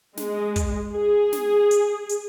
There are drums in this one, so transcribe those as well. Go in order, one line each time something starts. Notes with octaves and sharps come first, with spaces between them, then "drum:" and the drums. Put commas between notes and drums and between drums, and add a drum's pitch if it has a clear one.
G#3, drum: snare
drum: kick, hi-hat
G#4
drum: snare
drum: hi-hat
drum: hi-hat